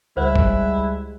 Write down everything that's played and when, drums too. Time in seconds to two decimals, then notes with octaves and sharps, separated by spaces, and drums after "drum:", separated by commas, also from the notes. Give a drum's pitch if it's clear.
0.17 C#2 G3 G#3 E4 C5 F#5 F#6
0.36 drum: kick